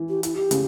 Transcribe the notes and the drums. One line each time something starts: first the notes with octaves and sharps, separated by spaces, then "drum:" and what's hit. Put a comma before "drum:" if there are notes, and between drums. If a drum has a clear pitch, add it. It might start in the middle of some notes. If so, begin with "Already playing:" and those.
Already playing: E3
G4
E4, drum: hi-hat
G4
C#3, drum: hi-hat